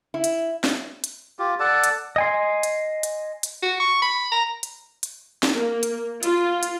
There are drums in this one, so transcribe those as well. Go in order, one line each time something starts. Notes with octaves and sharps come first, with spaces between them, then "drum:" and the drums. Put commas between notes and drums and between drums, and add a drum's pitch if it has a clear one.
E4
drum: hi-hat
drum: snare
drum: hi-hat
F4 G4
A4 D5 F#5 A5
drum: hi-hat
D#5 G#5 C6
drum: hi-hat
drum: hi-hat
drum: hi-hat
F#4
C#6
B5
A#5
drum: hi-hat
drum: hi-hat
drum: snare
A#3
drum: hi-hat
F4, drum: hi-hat
drum: hi-hat